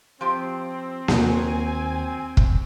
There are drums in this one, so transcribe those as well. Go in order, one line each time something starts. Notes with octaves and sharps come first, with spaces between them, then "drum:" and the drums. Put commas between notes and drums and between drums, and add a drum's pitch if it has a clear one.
F3 C4 F4 G4
D#2 F#3 A#3 D#4 G#5, drum: snare A#3
drum: kick